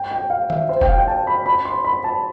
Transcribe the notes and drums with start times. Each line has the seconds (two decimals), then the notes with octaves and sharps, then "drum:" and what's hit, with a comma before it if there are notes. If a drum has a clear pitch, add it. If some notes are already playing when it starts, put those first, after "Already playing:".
Already playing: G5
0.11 G5
0.30 F5
0.50 E5, drum: tom D#3
0.69 C5
0.81 G5, drum: kick
0.88 F5
0.98 G5
1.07 A5
1.27 B5
1.46 B5
1.65 C6
1.84 B5
2.04 A5